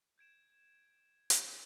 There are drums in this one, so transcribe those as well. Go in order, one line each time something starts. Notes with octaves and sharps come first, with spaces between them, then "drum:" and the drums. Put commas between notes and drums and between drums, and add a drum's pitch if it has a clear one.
G6 G#6 D7 E7
drum: hi-hat